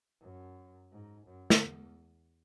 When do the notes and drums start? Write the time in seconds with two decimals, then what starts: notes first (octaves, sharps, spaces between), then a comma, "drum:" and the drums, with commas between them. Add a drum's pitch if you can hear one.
0.21 F#2
0.92 G#2
1.26 F#2
1.50 drum: snare
1.62 E2